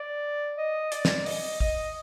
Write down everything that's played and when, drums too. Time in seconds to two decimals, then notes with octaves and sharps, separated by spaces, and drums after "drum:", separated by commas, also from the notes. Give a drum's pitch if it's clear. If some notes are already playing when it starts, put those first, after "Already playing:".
Already playing: D5
0.57 D#5
0.92 D5, drum: hi-hat
1.05 drum: snare
1.26 D#5, drum: open hi-hat
1.60 D#5, drum: kick